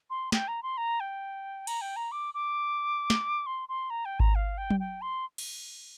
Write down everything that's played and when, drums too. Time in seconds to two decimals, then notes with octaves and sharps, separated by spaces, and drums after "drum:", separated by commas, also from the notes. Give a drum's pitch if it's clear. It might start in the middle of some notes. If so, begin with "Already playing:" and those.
0.10 C6
0.32 G5, drum: snare
0.48 A#5
0.63 C6
0.77 A#5
1.00 G5
1.67 A#5, drum: cymbal
1.81 G5
1.96 A#5
2.12 D6
2.34 D6
3.10 drum: snare
3.46 C6
3.69 C6
3.90 A#5
4.05 G5
4.20 A#5, drum: kick G#1
4.35 F5
4.58 G5
4.70 drum: tom F#3
4.80 G5
5.02 C6
5.38 drum: cymbal